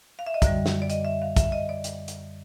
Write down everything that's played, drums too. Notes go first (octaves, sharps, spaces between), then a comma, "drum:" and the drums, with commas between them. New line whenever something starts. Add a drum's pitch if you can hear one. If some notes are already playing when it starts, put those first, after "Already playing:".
F5
E5
D#5
F#2 D3 G3 D5, drum: kick, hi-hat
drum: snare
D5
D#5, drum: hi-hat
E5
F5
E5, drum: kick, hi-hat
D#5
D5
drum: hi-hat
drum: hi-hat